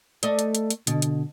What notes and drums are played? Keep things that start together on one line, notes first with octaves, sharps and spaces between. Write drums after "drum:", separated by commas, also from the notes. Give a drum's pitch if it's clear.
A3 D5 D#5, drum: hi-hat
drum: hi-hat
drum: hi-hat
drum: hi-hat
B2 D3, drum: hi-hat
drum: hi-hat